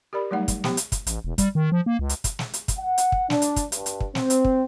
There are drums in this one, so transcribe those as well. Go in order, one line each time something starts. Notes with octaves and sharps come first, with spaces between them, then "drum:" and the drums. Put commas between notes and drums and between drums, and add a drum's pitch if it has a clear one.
G4 A#4 D5 B5
F#3 G3 A3 D#4 F#5
drum: kick, hi-hat
F3 B3 G4 G5, drum: snare
drum: hi-hat
drum: kick, hi-hat
A1, drum: hi-hat
E1
G3, drum: kick, hi-hat
D#3
F3
A#3
C#2
drum: hi-hat
drum: kick, hi-hat
drum: snare
drum: hi-hat
drum: kick, hi-hat
F#5
drum: hi-hat
drum: kick
D4, drum: snare
drum: hi-hat
drum: kick, hi-hat
G2, drum: hi-hat
drum: hi-hat
drum: kick
C4, drum: snare
drum: hi-hat
drum: kick